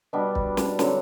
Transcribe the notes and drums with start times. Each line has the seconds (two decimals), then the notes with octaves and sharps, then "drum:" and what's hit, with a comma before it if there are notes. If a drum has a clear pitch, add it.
0.13 B2 G3 B3 D4
0.35 drum: kick
0.57 drum: snare
0.79 D3 F#3 C4, drum: snare